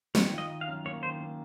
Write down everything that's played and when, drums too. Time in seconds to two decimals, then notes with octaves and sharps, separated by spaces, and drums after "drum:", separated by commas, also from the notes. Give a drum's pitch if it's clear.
0.15 D#3 C#5, drum: snare
0.32 F4
0.38 D#5
0.50 D#3
0.61 F5
0.68 F#2
0.85 A#3 C#5
1.03 D#3 C5
1.21 A#3